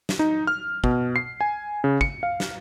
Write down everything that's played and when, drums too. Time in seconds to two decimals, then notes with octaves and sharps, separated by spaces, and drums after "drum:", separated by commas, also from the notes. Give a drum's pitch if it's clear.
0.09 drum: snare
0.19 D#4
0.47 F6
0.84 B2, drum: kick
1.16 C7
1.41 G#5
1.84 C#3
2.01 C#7, drum: kick
2.23 F5
2.40 drum: snare